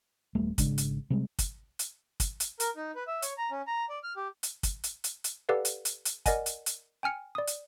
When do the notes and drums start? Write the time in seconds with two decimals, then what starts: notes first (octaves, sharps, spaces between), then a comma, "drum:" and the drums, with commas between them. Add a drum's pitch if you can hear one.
0.35 D#1 G3 A3 B3
0.58 G#1 C#3 G#3 D4, drum: kick, hi-hat
0.78 drum: hi-hat
1.10 C3 G3 G#3 C4
1.39 drum: kick, hi-hat
1.79 drum: hi-hat
2.20 drum: kick, hi-hat
2.40 drum: hi-hat
2.60 A#4, drum: hi-hat
2.76 D#4
2.95 B4
3.07 E5
3.22 C#5, drum: hi-hat
3.38 A#5
3.51 C#4
3.67 A#5
3.89 D5
4.03 F6
4.16 G4
4.43 drum: hi-hat
4.63 drum: kick, hi-hat
4.84 drum: hi-hat
5.04 drum: hi-hat
5.24 drum: hi-hat
5.49 G4 A4 B4 D5 F5 F#5
5.65 drum: hi-hat
5.85 drum: hi-hat
6.05 drum: hi-hat
6.26 A#4 D5 D#5 F#5 G#5, drum: kick, hi-hat
6.46 drum: hi-hat
6.66 drum: hi-hat
7.03 G5 G#5 F6 C#7
7.35 D5 D#6
7.47 drum: hi-hat